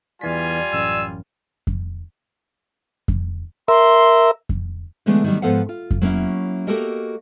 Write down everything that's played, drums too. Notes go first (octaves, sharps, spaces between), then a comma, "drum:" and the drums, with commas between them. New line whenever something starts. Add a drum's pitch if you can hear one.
E2 E3 G3 F4 D5 G#5 B6
A1 F#2 E6
drum: kick F2
drum: kick F2
A#4 E5 C6
drum: kick F2
D3 E3 G#3 A3 B3 D4
D#3 F#3 G3
G#2 F3 B3 A4 F5 F#5
F4
drum: kick F2
F#3 A#3 C#4 E4
A#3 F#4 G4 A4 A#4 D#5